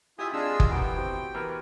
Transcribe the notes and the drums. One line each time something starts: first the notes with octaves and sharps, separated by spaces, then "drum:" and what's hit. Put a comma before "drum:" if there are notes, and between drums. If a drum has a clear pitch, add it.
E4 F4 G4 E5 G#5 D#6 E6
C3 G#3 D4 D#4 F4 G#4 D#5 E6
drum: kick
E2 A2 D#3 B3 E4 G4 G5 A#5
C4 F#4 G4
E3 B3 A#4